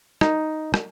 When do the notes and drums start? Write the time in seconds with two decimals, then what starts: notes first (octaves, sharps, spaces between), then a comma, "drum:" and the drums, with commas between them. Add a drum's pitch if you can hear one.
0.21 D#4, drum: rim click
0.74 drum: rim click